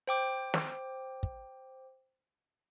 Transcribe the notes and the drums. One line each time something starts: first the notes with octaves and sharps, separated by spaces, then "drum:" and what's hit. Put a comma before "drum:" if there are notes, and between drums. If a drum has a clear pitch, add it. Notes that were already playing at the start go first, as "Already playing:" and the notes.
C5 G5 D6
drum: snare
drum: kick